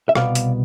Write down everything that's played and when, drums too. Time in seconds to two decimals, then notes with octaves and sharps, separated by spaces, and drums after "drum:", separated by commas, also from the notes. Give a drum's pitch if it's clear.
0.09 E5
0.15 C2 B2 B3 D5 F5, drum: rim click
0.35 drum: hi-hat